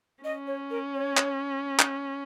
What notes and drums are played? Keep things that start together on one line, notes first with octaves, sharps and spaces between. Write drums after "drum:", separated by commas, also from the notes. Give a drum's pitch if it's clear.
C#4 D#5
C#5
A#4
C#5
drum: clap
drum: clap